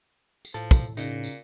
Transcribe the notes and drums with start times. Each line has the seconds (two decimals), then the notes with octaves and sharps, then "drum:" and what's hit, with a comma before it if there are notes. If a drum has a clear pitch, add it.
0.45 drum: tambourine
0.54 A2 F3 A4
0.71 drum: kick, tambourine
0.97 A#2 C#3 D#4, drum: tambourine
1.23 drum: tambourine